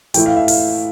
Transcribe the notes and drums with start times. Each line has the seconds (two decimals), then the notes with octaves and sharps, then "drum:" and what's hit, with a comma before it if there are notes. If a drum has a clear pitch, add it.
0.14 A2 E3 A3 E4 G5, drum: hi-hat
0.26 F5
0.36 E5
0.48 F5, drum: open hi-hat